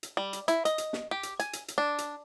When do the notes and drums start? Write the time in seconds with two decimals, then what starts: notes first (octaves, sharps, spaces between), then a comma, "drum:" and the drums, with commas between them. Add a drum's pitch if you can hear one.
0.03 drum: hi-hat
0.17 G3
0.33 drum: hi-hat
0.48 E4, drum: hi-hat
0.65 D#5, drum: hi-hat
0.78 drum: hi-hat
0.93 drum: snare
1.11 G4
1.23 drum: hi-hat
1.40 G#5, drum: hi-hat
1.53 drum: hi-hat
1.68 drum: hi-hat
1.78 D4
1.98 drum: hi-hat